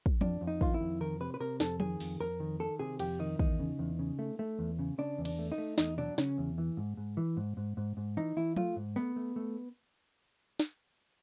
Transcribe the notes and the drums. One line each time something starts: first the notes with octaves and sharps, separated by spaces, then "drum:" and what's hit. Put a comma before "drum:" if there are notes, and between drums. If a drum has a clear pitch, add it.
drum: kick
F2 D4, drum: tom F3
F2
D#4
D#3 F4, drum: kick
E4
F2
D#3 A#4
C3 B4
B4
C3 A#4
F2 A4, drum: snare
D#3 G#4, drum: tom F3
F2, drum: open hi-hat
F2 A#4
D#3
D#3 A4
C3 G#4
F2 G4, drum: cymbal
D#3 D#4
E2 D#4, drum: kick
C#3
E2
C#3
A3
A3
E2
C#3
C#3 D4
E2
D4, drum: cymbal
A3
D#4
A3
E2 D#4, drum: snare
F#3 D4, drum: tom B2
C#3 C#4, drum: snare
E2
E3
G#2
G#2
E3
G#2
G#2
G#2
G#2
E3 D#4
E3 E4
A3 F4, drum: tom F3
G#2
A3 B3
A3
A3
drum: snare